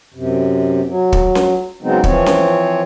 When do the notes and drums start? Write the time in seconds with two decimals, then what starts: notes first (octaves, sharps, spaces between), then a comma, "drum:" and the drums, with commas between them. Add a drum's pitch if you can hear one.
0.14 F#2 C3
0.88 F#3
1.13 drum: kick
1.35 drum: snare C#4
1.82 C#3 F#3 G#3 B3 C4 D#4
2.04 E3 F3 C4 C#5, drum: kick
2.26 drum: snare C#4